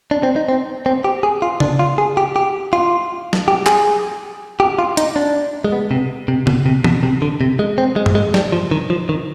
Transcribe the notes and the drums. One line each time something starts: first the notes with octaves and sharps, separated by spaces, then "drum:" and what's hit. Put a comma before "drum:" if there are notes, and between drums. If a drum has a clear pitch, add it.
D4
C4
D#4
C4
C4
G4
G#4
F4
D4, drum: tom C#3
F4
G#4
G4
G4
F4
drum: snare
G4
G#4, drum: clap
G4
F4
D#4, drum: hi-hat
D4
G#3
B3
C3
C3
B2, drum: tom C#3
C3
B2, drum: tom E3
C3
D3
C3
G#3
C4
G#3
drum: tom G2
G#3
G3, drum: snare
F3
D#3
F3
D#3